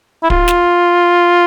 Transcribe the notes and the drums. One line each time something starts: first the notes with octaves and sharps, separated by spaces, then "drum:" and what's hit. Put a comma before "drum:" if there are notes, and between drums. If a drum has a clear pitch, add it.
E4
F4, drum: kick
drum: snare